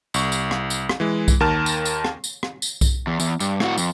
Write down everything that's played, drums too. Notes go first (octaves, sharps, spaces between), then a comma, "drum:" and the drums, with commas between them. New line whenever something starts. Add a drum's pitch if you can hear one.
C2 C#6, drum: tambourine
drum: tambourine
drum: rim click
drum: tambourine
drum: rim click
E3 G#3
drum: kick B1, tambourine
D#2 D#3 A#4 A5 F6
drum: tambourine
drum: tambourine
drum: rim click
drum: tambourine
drum: rim click
drum: tambourine
drum: kick B1, tambourine
E2
E2, drum: tambourine
G2, drum: tambourine
A2 F#4, drum: rim click
F2, drum: tambourine